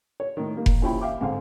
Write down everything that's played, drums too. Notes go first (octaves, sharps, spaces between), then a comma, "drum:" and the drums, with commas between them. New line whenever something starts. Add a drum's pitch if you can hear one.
C#5
A2 D#3
G3 A#3
drum: kick F1
D#2 F3 C#4 E4 G5 B5
E5 F5 G5 D6
G#2 D3 C4 G#4 F5